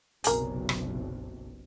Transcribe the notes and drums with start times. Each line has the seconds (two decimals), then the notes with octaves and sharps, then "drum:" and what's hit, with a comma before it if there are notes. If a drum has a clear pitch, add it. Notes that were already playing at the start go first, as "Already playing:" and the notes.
0.24 F#1 B1 C3 G#4 A#4, drum: hi-hat
0.69 drum: rim click